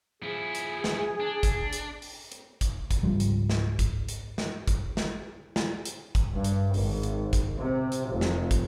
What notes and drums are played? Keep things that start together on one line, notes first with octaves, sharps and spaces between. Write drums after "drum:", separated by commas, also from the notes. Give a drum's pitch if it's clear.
F3 E4 G#4
drum: hi-hat
drum: snare
D4
drum: kick, hi-hat
drum: hi-hat
drum: open hi-hat
drum: hi-hat
drum: kick, hi-hat
drum: kick, hi-hat
C#2 G#2 F3 G3
drum: hi-hat
drum: snare
drum: kick, hi-hat
drum: hi-hat
drum: snare
drum: kick, hi-hat
drum: snare
drum: snare
drum: hi-hat
drum: kick, hi-hat
G2
drum: hi-hat
G#1, drum: open hi-hat
drum: hi-hat
drum: kick, hi-hat
C3
drum: hi-hat
F1
drum: snare
drum: kick, hi-hat